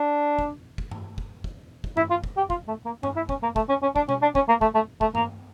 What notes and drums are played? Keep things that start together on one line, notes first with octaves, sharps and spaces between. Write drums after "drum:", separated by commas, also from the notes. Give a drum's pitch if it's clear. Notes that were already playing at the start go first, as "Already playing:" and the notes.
Already playing: D4
drum: kick
drum: kick
drum: tom G2
drum: kick
drum: kick
drum: kick
E4, drum: tom G2
F4
drum: kick
G4
F4, drum: kick
A3
A#3
C#4, drum: tom G2
E4
C#4, drum: kick
A#3
A3, drum: kick
C#4
C#4
D4, drum: kick
C#4, drum: tom B2
D4
C#4, drum: kick
A#3
A3, drum: kick
A3
A3, drum: kick
A#3, drum: tom G2